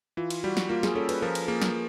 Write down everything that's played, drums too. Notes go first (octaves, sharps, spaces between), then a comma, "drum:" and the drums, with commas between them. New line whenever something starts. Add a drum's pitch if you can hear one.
E3 F4
drum: cymbal
G3 F#4
drum: snare
A#3 F4
G#4, drum: snare
C#4 A4
B4, drum: cymbal
F3 A#4
drum: cymbal
A#3 G#4
drum: snare